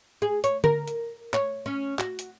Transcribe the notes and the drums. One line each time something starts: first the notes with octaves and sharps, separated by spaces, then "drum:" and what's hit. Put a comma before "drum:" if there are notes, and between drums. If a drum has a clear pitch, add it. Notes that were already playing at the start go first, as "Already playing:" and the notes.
G#4
C#5, drum: hi-hat
A#4, drum: tom D3
drum: hi-hat
C#5, drum: clap
C#4
F#4, drum: clap
drum: hi-hat